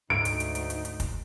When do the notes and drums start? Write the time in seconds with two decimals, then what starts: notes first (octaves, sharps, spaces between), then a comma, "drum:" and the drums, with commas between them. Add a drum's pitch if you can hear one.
0.10 D2 G#2 D#4 D7
0.25 drum: hi-hat
0.40 drum: hi-hat
0.55 drum: hi-hat
0.70 drum: hi-hat
0.85 drum: hi-hat
1.00 drum: kick, hi-hat